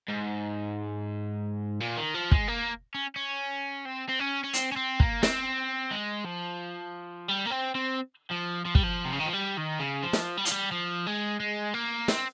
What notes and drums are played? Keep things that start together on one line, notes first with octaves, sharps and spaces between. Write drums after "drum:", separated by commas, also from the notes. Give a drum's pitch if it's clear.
G#2
A#2
D#3
F3
G#3, drum: kick
A#3
C#4
C#4
C4
C4
C#4
C#4
C4, drum: hi-hat
C#4
C4
A#3, drum: kick
C4, drum: snare
G#3
F3
G3
A#3
C4
C4
F3
F3
G3, drum: kick
F3
C3
C#3
D#3
F3
G3
D#3
C#3
F3
drum: snare
G3
F3, drum: hi-hat
G3
F3
G#3
G#3
A#3
C4, drum: snare